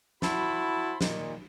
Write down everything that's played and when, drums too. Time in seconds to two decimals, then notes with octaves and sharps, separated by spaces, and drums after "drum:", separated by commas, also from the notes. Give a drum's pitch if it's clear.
0.22 E4 F#4 C5 A5 B5, drum: snare
1.01 A#2 D#3, drum: snare